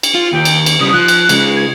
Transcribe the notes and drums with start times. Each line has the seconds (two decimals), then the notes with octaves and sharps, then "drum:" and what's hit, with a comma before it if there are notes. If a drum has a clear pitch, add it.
0.03 drum: cymbal
0.15 F4
0.33 D#2 G5
0.45 drum: cymbal
0.66 drum: cymbal
0.81 C#3 G3 D#6
0.93 F3 F#6
1.08 drum: cymbal
1.29 C#3 G#3, drum: cymbal
1.57 G#6